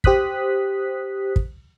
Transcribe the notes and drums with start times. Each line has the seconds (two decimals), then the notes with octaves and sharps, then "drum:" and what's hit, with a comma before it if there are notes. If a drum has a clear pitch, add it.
0.04 G4 C5 D#6 F#6 B6, drum: kick
1.36 drum: kick